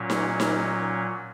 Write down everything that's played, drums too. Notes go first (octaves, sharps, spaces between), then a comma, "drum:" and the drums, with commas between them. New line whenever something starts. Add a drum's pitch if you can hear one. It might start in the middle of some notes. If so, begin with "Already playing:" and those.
Already playing: A#2 F#3 C#4
drum: snare D#4
drum: snare D#4